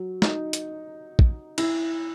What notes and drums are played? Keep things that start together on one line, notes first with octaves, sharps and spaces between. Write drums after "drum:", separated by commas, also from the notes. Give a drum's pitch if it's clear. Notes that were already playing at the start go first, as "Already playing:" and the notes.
Already playing: F#3
D#4, drum: snare
drum: hi-hat
drum: kick A#1
E4, drum: cymbal